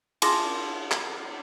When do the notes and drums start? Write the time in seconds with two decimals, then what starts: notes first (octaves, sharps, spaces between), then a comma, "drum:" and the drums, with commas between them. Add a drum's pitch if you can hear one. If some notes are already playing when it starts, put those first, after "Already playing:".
0.22 F4 G#4 A5 C6 D6 A#6, drum: cymbal
0.91 drum: clap